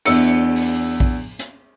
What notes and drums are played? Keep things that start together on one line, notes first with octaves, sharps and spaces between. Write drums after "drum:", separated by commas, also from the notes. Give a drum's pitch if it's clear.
E2 D4 E6 C#7, drum: cymbal
drum: open hi-hat
drum: kick A#1
drum: hi-hat